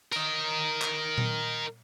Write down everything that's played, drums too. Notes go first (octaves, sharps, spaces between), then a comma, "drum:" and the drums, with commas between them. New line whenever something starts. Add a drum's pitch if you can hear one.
A#4 D#5, drum: cymbal
drum: clap
drum: tom A#2